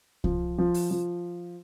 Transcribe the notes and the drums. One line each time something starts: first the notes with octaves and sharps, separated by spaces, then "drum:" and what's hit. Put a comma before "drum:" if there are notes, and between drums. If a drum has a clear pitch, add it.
F3, drum: kick C2
F3
drum: open hi-hat
F3